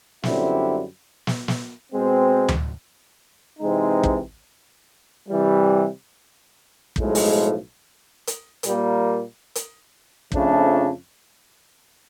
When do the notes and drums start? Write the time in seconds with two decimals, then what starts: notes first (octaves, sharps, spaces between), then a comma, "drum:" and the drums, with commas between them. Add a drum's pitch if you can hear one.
0.23 F#2 D3 G3 C4 E4, drum: snare
1.27 drum: snare
1.48 drum: snare
1.92 B2 G#3 C4
2.48 drum: tom D2
3.59 C3 E3 G#3 C4 D#4
4.03 drum: kick
5.28 C3 E3 G3
6.96 B1 A2 F3 G#3, drum: kick
7.15 drum: open hi-hat
8.27 drum: hi-hat
8.63 A#2 G3 A#3, drum: hi-hat
9.55 drum: hi-hat
10.32 F2 C#3 F3 A3 D4, drum: kick